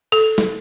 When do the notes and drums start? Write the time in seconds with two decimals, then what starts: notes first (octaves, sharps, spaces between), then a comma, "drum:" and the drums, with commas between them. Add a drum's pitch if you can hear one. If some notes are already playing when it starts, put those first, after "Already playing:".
0.12 A4, drum: cymbal
0.38 drum: snare